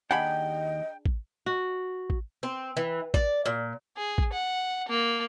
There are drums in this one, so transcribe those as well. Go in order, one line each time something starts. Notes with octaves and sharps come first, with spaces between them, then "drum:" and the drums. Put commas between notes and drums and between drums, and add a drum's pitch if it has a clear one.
D#2 D4 G4 G#4 D#5 F#5 G5 B5
drum: kick
F#4
drum: kick
C4
E3
D5, drum: kick
A#2
G#4
drum: kick
F#5
A#3